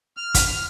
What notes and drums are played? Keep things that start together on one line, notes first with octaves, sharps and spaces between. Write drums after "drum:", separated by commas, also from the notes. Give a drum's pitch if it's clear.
F6
drum: kick, hi-hat